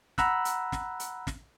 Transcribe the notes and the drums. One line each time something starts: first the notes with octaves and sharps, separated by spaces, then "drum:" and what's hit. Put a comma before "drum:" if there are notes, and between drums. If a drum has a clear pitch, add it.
F#5 A#5 B5 E6 F#6, drum: snare
drum: hi-hat
drum: snare
drum: hi-hat
drum: snare